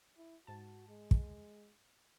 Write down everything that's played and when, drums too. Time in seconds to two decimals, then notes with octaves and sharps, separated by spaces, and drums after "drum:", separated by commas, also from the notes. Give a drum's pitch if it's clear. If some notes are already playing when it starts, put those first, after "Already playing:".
0.17 E4
0.47 G#2 F#4 A5
0.89 G#3
1.11 drum: kick